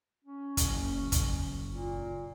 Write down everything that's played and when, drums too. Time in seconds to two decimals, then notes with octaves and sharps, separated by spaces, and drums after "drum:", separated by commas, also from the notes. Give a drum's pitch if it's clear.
0.24 C#4
0.57 F#1, drum: kick, hi-hat
1.12 drum: kick, hi-hat
1.72 A#2